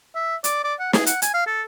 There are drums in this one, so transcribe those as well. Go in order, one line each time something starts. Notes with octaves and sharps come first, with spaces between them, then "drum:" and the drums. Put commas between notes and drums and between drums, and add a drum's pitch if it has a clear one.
E5
D5, drum: hi-hat
D5
F#5
G#4, drum: snare
F#5, drum: hi-hat
G#5, drum: hi-hat
F5
A4